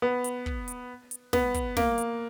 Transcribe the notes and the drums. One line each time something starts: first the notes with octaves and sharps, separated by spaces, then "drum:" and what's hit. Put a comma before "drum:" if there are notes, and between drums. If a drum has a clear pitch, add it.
B3
drum: hi-hat
drum: kick
drum: hi-hat
drum: hi-hat
B3, drum: snare
drum: kick, hi-hat
A#3, drum: snare
drum: hi-hat